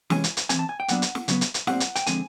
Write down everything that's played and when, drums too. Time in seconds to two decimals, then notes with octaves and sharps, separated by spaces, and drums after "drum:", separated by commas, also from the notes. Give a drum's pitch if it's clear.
0.10 C3 E3 G#3 C#4 G#5, drum: snare
0.24 drum: hi-hat
0.37 drum: hi-hat
0.49 E3 A3 C4 G#5, drum: hi-hat
0.59 A5
0.69 G#5
0.80 G5
0.88 A#2 F#3 B3 D4 F#5, drum: hi-hat
1.02 drum: hi-hat
1.15 drum: snare
1.28 C#3 F#3 B3, drum: hi-hat
1.41 drum: hi-hat
1.54 drum: hi-hat
1.67 A#2 G3 C4 F#5, drum: snare
1.80 drum: hi-hat
1.96 G5, drum: hi-hat
2.07 D3 F3 G#3 C4 G#5, drum: hi-hat